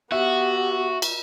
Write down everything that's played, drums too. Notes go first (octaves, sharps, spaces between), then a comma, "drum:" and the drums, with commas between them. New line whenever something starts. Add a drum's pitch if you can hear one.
B3 F#4 G4 E5
drum: cymbal